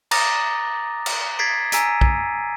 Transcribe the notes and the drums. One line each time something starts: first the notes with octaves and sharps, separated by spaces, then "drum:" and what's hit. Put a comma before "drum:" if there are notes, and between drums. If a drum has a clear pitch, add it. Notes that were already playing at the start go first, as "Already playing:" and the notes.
A#5 D6 D#6 A6 A#6, drum: cymbal
drum: cymbal
G#6 A6 B6 C7 D7
G#5 A#5 E6 B6 D7 D#7, drum: hi-hat
drum: kick